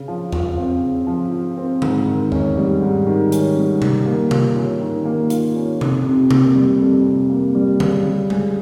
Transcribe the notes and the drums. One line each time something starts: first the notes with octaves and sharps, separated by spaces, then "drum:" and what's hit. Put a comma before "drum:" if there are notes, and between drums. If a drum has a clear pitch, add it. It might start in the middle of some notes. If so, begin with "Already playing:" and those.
Already playing: C#3
F3
F4, drum: tom E2
C4
C#3
F3
F4
C4
G#2, drum: tom D3
D#3
C#4, drum: tom E2
G3
G#2
D#3
C#4, drum: hi-hat
G3
D#3, drum: tom C3
A#3
F4, drum: tom C3
C#4
D#3
A#3
F4, drum: hi-hat
C#4
F2, drum: tom C3
C3
A#3, drum: tom C3
G3
F2
C3
A#3
G3
C#3, drum: tom D3
G3
G#4, drum: tom G#3